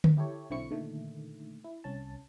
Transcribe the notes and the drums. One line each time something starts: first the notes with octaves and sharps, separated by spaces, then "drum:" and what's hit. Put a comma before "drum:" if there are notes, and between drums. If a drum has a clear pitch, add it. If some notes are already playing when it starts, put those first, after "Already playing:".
drum: tom D3
E4 G4 A4 C#5
B1 D3 C4 E4 C#6 C#7
A#2 D3 D#3 A3
E4
C2 C#4 A5